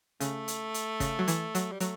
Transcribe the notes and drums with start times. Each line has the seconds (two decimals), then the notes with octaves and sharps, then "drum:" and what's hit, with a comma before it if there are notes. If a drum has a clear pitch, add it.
0.20 C#3 A3, drum: hi-hat
0.48 drum: hi-hat
0.74 drum: hi-hat
1.00 C#3, drum: kick, hi-hat
1.19 F#3
1.28 E3, drum: hi-hat
1.55 F#3, drum: hi-hat
1.72 G3
1.80 F#3 A3, drum: hi-hat